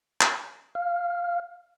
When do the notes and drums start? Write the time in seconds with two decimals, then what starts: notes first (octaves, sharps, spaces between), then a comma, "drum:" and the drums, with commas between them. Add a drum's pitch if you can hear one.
0.21 drum: clap
0.75 F5